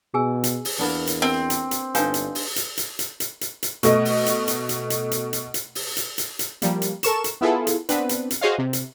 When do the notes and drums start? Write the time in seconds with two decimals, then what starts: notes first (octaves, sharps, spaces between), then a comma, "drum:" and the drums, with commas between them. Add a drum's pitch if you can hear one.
0.14 B2 G#4 G#5 E6
0.44 drum: hi-hat
0.65 drum: open hi-hat
0.79 E2 A#3 B3 D4
1.07 drum: hi-hat
1.22 C4 A#4
1.50 drum: hi-hat
1.71 drum: hi-hat
1.95 G1 D4 D#4 B4 C5 F5 G#5, drum: hi-hat
2.14 drum: hi-hat
2.35 drum: open hi-hat
2.56 drum: hi-hat
2.77 drum: hi-hat
2.99 drum: hi-hat
3.20 drum: hi-hat
3.41 drum: hi-hat
3.63 drum: hi-hat
3.83 B2 A3 D#5, drum: hi-hat
4.05 drum: open hi-hat
4.26 drum: hi-hat
4.48 drum: hi-hat
4.69 drum: hi-hat
4.90 drum: hi-hat
5.11 drum: hi-hat
5.33 drum: hi-hat
5.54 drum: hi-hat
5.75 drum: open hi-hat
5.97 drum: hi-hat
6.18 drum: hi-hat
6.39 drum: hi-hat
6.62 F3 G3 A#3, drum: hi-hat
6.82 drum: hi-hat
7.03 A4 A#4 C#6 E7, drum: hi-hat
7.24 drum: hi-hat
7.41 B3 E4 F4 G#4 A4
7.67 drum: hi-hat
7.89 B3 C4 D4 B4, drum: hi-hat
8.09 drum: hi-hat
8.30 drum: hi-hat
8.41 F#4 G#4 C5 C#5 D#5 F5
8.58 C3
8.73 drum: hi-hat